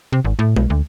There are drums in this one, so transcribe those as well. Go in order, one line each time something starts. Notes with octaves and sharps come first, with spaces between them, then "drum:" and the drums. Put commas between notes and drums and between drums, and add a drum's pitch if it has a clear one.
C3
G#1
A2
B1, drum: tom G#3
D2